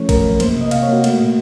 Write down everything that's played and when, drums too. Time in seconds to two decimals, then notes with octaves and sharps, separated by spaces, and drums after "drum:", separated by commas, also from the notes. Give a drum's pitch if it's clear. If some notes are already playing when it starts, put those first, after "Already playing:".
Already playing: F3 A3 C#4 C#5
0.09 F#2 A#4, drum: kick A1, cymbal
0.25 F#2
0.40 A#3 C5, drum: cymbal
0.56 C3
0.61 D#5
0.71 C3 F5, drum: cymbal
0.83 C#5
0.88 A#3 F#4
1.04 A3, drum: cymbal
1.19 A#2